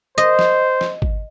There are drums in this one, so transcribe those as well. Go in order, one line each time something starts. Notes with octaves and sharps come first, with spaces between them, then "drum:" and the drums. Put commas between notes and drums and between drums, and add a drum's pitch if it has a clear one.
C5 D#5
drum: snare
drum: snare
drum: kick G#1